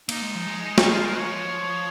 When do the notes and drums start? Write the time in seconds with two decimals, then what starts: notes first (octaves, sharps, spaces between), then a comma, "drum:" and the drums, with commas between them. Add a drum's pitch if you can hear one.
0.09 A#3 D#4, drum: cymbal
0.22 G#3
0.35 F3
0.47 G#3
0.64 D#4
0.78 D#4, drum: snare
0.92 F4
1.05 A#4
1.19 F3 C#5